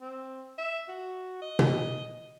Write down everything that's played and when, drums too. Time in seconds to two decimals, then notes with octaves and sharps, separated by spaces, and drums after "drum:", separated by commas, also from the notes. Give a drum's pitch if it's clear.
0.01 C4
0.58 E5
0.88 F#4
1.42 D#5
1.59 drum: tom B2